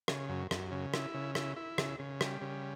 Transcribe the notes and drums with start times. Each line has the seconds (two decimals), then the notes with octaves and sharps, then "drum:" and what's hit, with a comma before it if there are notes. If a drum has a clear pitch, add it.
0.08 C#3, drum: rim click
0.29 F#2
0.51 F#2, drum: rim click
0.71 C#3
0.94 E4, drum: rim click
1.14 C#3
1.35 E4, drum: rim click
1.56 E4
1.78 C#3, drum: rim click
1.99 C#3
2.21 G3, drum: rim click
2.41 C#3